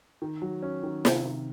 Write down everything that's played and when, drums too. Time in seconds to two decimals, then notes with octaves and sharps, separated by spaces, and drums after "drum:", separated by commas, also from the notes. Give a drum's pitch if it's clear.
0.22 D#3
0.42 F#3
0.63 C#4
0.83 D#3
1.05 C3, drum: snare
1.25 D#3